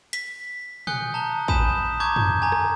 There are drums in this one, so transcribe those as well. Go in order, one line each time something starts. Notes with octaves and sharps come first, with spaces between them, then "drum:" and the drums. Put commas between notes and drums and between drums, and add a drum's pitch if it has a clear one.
B6, drum: hi-hat
G#5 D#6 F#6 G6 C#7 G7, drum: tom
A5 A#5 G7
G#5 B5 D#6 G6 B6 E7, drum: kick
A5 A#5 C#6 D6 G6 G#6
drum: tom
G#5 A#5
drum: rim click